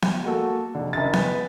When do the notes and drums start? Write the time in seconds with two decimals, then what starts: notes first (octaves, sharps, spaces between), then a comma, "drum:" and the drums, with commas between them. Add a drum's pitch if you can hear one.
0.02 drum: snare B3
0.23 G#3 A#3 F#4 A4
0.75 F1 D3
0.93 F#1 E5 A6
1.13 G#4 B4, drum: snare B3